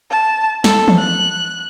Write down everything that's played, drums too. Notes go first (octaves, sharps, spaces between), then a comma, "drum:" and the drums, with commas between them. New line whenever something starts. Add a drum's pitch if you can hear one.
A5
A4, drum: snare
drum: tom E3
F#6